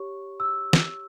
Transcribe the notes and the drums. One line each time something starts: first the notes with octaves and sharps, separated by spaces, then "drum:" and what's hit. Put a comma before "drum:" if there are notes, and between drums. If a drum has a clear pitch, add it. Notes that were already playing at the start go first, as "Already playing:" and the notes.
Already playing: G4 C#5 C#6
E6
drum: snare